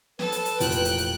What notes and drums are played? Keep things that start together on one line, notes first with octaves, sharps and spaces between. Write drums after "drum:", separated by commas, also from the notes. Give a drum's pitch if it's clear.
A4 B4, drum: snare
drum: hi-hat
drum: hi-hat
F1 A#2 E3 G5 F#6, drum: hi-hat
drum: hi-hat
drum: hi-hat
drum: hi-hat